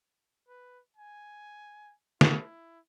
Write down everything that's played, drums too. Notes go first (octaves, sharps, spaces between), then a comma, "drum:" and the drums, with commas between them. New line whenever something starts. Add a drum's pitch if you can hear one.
B4
G#5
E4, drum: snare